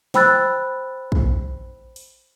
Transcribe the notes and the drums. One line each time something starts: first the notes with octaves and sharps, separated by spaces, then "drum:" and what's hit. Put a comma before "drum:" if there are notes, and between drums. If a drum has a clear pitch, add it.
C5 G5 B5 E6 F#6 A6, drum: snare
drum: kick
drum: open hi-hat